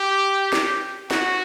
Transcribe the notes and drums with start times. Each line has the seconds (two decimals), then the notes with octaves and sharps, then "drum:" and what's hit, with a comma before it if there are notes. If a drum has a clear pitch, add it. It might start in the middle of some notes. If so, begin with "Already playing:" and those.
Already playing: G4
0.53 drum: snare
1.11 F#4, drum: snare